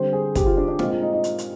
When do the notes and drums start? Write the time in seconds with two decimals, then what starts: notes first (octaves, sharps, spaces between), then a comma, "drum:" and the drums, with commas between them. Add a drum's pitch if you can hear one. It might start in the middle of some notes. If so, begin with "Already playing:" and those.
Already playing: D3 G3 C4 C5
0.13 G#4
0.35 G4, drum: kick, hi-hat
0.46 F4
0.57 D4
0.68 D4
0.79 A#2 G#3 C4 F4, drum: snare
0.90 F4
1.02 D#4
1.13 D#4
1.24 drum: hi-hat
1.38 drum: hi-hat